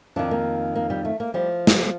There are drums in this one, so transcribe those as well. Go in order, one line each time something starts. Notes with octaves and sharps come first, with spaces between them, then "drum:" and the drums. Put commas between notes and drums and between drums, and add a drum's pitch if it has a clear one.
F2 D#3 D4
A#3
A#3
G3
A3
A#3
F3 G3
drum: snare